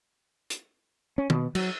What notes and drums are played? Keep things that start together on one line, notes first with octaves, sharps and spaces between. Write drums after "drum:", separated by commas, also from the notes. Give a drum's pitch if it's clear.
drum: hi-hat
C#4
B2, drum: tom
F#3, drum: cymbal